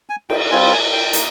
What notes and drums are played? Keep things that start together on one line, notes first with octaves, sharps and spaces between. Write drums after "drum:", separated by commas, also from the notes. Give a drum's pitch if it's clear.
G#5
G5, drum: cymbal
G3 C4 F4 G#5
G#5
G5
A#3 D#4, drum: hi-hat